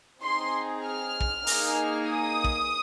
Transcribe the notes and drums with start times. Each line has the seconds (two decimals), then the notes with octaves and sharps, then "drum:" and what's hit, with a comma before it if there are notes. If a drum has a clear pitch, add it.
0.23 C4 D#4 G#4 C6
0.85 F6
1.20 drum: kick
1.47 A#3 D#4 G#4, drum: open hi-hat
2.08 D#6
2.44 drum: kick